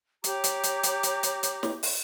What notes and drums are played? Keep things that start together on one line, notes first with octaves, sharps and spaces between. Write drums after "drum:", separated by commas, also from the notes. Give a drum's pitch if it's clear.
G4 C#5 A#5 D6, drum: hi-hat
drum: hi-hat
drum: hi-hat
drum: hi-hat
drum: hi-hat
drum: hi-hat
drum: hi-hat
drum: snare
drum: open hi-hat